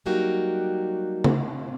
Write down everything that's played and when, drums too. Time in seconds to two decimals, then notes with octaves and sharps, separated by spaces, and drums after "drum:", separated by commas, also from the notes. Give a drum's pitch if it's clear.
0.06 F#3 G3 A#3 D#4 F#4 G4
1.24 drum: tom C#3